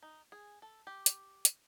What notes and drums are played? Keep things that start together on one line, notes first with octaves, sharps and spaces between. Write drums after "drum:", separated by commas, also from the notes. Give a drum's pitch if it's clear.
D#4
G#4
A4
G4
drum: hi-hat
drum: hi-hat